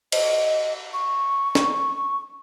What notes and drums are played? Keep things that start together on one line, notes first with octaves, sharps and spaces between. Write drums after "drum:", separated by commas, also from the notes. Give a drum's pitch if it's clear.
D#5, drum: cymbal
C#6
drum: snare